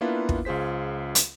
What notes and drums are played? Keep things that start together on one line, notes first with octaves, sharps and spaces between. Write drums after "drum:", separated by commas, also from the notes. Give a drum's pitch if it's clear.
A#3 B3 D4 E4 F4 B4
drum: kick
C#2 F4 G#4 C5 B6
drum: hi-hat